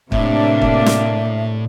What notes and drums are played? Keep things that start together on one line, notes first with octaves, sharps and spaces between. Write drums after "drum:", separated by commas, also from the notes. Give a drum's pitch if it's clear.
A2 C3 A#3 D4 E5, drum: kick
drum: kick
drum: snare